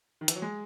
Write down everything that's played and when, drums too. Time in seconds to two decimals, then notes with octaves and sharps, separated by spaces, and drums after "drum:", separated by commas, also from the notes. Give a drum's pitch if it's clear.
0.21 D#3
0.28 E3, drum: hi-hat
0.35 F#3
0.42 G#3